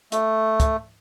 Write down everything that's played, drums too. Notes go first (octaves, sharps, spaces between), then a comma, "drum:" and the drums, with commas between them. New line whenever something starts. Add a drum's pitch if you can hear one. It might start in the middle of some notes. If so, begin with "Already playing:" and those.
A3, drum: hi-hat
drum: kick, hi-hat